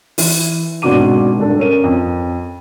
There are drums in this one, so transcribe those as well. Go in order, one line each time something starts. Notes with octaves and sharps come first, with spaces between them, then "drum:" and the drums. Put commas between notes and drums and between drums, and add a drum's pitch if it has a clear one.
E3, drum: open hi-hat
G#1 B2 D4 F#4 D6 D#7
D#1 D4 A4
C#4 A#4 D#7
F2